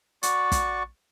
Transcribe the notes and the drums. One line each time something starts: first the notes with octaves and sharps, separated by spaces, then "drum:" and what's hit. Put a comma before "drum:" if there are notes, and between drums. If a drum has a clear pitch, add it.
F#4 D5 C#6, drum: hi-hat
drum: kick, hi-hat